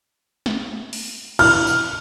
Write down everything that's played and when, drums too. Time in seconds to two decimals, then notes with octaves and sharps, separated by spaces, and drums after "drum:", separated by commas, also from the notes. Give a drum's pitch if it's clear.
0.46 drum: snare
0.93 drum: open hi-hat
1.39 F6, drum: cymbal
1.67 drum: tambourine